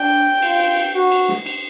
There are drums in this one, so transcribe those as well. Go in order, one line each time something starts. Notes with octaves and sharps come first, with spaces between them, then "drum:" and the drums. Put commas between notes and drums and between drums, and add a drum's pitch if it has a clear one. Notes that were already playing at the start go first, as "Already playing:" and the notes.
Already playing: D4 G5
F4, drum: cymbal
drum: cymbal
drum: cymbal
F#4
drum: cymbal
drum: snare
drum: cymbal